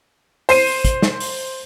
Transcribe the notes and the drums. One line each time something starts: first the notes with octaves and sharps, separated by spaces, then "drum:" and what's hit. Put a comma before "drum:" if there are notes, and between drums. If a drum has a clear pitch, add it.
C5 C7 D#7, drum: open hi-hat
drum: open hi-hat
drum: kick, hi-hat
drum: snare
drum: open hi-hat